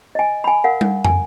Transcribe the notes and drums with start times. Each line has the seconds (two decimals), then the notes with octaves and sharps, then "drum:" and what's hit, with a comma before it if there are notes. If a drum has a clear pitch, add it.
0.15 D#5 G#5
0.44 G#5 B5
0.64 A#4 F5 F#5
0.81 drum: tom G3
1.05 G#5, drum: tom